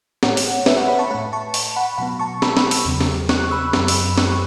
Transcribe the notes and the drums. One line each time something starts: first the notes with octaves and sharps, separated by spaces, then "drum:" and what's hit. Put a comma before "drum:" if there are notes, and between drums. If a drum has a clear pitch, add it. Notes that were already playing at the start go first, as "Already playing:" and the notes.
A2 A3 C#5 F#5, drum: snare
drum: open hi-hat
B4 E5, drum: snare
C#5 F#5
F#5 B5
A5 C#6
A2 A3 F#5 B5
A5 C#6
A5 C#6, drum: open hi-hat
F#5 B5
B2 F#3 B3 F#5 B5
A5 C#6
B5 E6, drum: snare
drum: snare
drum: open hi-hat
E2 C#3 F#3
drum: snare
C#6 F#6, drum: snare
B5 E6
F#2 F#3 B3 B5 E6, drum: snare
drum: open hi-hat
C#6 F#6, drum: snare